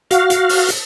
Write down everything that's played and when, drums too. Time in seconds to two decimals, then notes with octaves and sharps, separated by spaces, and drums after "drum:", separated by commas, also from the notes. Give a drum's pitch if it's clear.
0.11 F#4 F5, drum: hi-hat
0.30 drum: hi-hat
0.49 drum: open hi-hat
0.68 drum: hi-hat